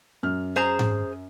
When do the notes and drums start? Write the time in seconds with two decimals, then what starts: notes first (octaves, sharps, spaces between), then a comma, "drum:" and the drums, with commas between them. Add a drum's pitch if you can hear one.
0.23 F#2 F6
0.56 G#4 C5 A#5
0.79 drum: tom G#2